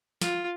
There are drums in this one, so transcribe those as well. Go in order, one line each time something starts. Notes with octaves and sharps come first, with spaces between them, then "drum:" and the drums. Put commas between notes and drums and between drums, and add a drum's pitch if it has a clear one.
F4, drum: snare